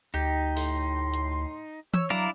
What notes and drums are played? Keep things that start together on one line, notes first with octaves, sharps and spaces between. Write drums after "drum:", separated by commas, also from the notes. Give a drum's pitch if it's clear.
D2 D#4 G4
A2 C6, drum: open hi-hat
drum: hi-hat
C#5 E6, drum: tom E3
F#3 D4 E4 D5 F5 A#5, drum: hi-hat